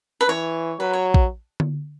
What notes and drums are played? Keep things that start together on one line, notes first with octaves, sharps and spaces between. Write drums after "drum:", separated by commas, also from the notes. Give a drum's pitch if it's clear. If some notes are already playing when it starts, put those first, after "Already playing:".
B4
E3 C#5
F#3 B4
C#5
drum: kick A#1
drum: tom D3